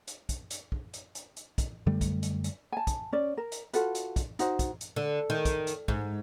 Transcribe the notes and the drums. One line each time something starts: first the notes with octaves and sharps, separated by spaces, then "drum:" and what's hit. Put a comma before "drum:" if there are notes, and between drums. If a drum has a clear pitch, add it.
drum: hi-hat
drum: kick, hi-hat
drum: hi-hat
drum: kick
drum: hi-hat
drum: hi-hat
drum: hi-hat
drum: kick, hi-hat
F#2 D3 G3 A3
drum: kick, hi-hat
drum: hi-hat
drum: hi-hat
G#5 A5
drum: kick, hi-hat
C#4 D5
A#4
drum: hi-hat
F4 F#4 A4 B4, drum: hi-hat
drum: hi-hat
drum: kick, hi-hat
D#4 F#4 C5, drum: hi-hat
drum: kick, hi-hat
drum: hi-hat
D3
D#3
drum: kick, hi-hat
drum: hi-hat
G#2, drum: kick